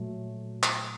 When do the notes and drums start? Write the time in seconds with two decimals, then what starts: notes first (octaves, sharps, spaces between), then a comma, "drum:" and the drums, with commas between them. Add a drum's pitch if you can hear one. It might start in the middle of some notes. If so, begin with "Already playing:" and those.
Already playing: A#2 F#3 A3
0.63 drum: clap